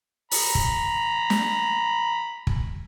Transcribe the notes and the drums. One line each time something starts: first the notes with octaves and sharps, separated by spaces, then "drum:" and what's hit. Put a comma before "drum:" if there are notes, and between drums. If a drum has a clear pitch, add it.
A#5 B5, drum: open hi-hat
drum: kick
drum: snare
drum: kick